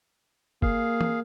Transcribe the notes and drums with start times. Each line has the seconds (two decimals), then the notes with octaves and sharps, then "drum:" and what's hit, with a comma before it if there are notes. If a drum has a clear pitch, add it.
0.62 A#3 G#4 F5, drum: kick
1.01 drum: tom